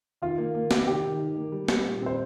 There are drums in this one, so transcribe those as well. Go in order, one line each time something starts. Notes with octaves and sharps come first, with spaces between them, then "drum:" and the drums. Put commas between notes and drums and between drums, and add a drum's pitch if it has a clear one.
D#3 F4
A#3
A#3
A#3, drum: snare
D#3 G4
D#3
D#3
A#3
G3
G3, drum: snare
A#2
C4 C5